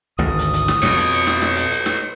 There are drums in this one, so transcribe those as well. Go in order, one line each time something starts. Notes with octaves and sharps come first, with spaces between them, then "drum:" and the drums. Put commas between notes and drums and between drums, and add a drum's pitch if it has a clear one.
G#1 D2 G#2 D#6
drum: hi-hat
drum: hi-hat
drum: snare
F2 B2 B4 C#5, drum: snare
drum: hi-hat
drum: hi-hat
drum: snare
drum: snare
drum: hi-hat
drum: hi-hat
drum: snare